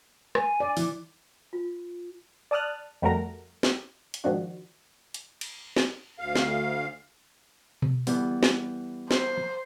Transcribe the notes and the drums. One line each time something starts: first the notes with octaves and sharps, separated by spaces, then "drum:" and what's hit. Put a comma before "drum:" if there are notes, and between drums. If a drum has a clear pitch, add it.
G#5, drum: rim click
D5
E3, drum: open hi-hat
F4
D5 A5 D#6 F6 F#6
F2 G3 A3 F#4 A#4 A#5
drum: snare
drum: hi-hat
G#2 D#3 F3 D4 F#4
drum: hi-hat
drum: cymbal
drum: snare
D2 F5
drum: snare
drum: tom B2
E3 G3 B3, drum: open hi-hat
drum: snare
C5, drum: snare